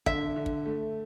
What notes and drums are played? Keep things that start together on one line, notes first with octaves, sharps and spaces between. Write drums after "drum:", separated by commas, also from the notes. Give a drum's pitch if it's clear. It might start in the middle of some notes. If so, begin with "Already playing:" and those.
D3 E5, drum: kick
D3
drum: kick
A3